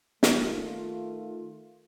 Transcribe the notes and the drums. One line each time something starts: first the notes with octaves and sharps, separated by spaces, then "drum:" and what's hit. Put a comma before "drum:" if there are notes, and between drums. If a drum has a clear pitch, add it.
D#3 A3 F4, drum: snare